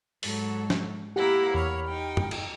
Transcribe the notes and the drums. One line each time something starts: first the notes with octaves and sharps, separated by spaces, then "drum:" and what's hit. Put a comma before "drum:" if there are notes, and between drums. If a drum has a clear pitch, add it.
G#2 F#3 A4, drum: open hi-hat
drum: snare
A#3 E4 G4 A#4 F#5
E2 C#5 B5 F6
D#4 G5
drum: tom F#2
drum: cymbal